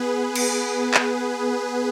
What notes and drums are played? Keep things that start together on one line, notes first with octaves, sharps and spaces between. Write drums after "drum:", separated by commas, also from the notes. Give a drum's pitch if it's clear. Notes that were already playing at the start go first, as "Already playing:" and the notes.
Already playing: B3 G#4 B4
drum: cymbal
drum: clap